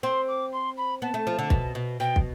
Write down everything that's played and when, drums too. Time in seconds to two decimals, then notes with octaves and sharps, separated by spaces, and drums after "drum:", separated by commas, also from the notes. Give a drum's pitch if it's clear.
0.03 C4 C6
0.28 D6
0.53 C6
0.77 B5
1.02 B3 A5
1.14 A3
1.27 F3
1.39 D3
1.50 B2, drum: kick
1.75 B2
2.00 B2 G5
2.16 drum: kick